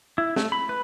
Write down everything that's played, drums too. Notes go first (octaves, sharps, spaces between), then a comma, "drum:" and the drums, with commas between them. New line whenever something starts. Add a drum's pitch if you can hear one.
E4
A3, drum: snare
B5
B4